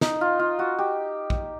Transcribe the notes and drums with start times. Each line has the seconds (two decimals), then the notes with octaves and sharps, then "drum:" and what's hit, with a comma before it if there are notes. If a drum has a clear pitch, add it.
0.01 D#4, drum: snare
0.21 F4
0.39 F4
0.59 F#4
0.79 G4
1.30 drum: kick A#1